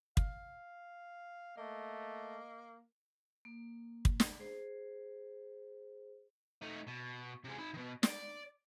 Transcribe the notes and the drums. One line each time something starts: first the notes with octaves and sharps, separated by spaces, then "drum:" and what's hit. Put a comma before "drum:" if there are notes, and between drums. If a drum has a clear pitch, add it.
F5, drum: kick
A3 A#3 D#5
A#3
drum: kick
drum: snare
G#4 C5
A3 D#4
B2
C3 G#3
D#4 B5
B2 D#3
D5, drum: snare